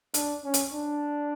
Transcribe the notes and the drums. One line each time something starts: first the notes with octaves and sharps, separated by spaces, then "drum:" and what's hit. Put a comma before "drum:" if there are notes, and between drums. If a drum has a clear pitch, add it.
D4, drum: hi-hat
C#4
drum: hi-hat
D4